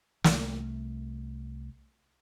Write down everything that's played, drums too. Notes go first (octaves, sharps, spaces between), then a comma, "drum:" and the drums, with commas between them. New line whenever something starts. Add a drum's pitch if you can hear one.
C2 A3, drum: snare